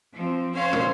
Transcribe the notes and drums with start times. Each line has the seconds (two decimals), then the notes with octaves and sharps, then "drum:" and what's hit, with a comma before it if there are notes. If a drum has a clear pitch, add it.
0.12 F3 C4
0.54 C#4 C5 C#5 F5 C6
0.73 drum: tom